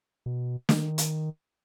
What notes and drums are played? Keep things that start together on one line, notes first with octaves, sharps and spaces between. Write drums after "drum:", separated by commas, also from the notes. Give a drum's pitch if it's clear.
B2
D#3, drum: snare
drum: hi-hat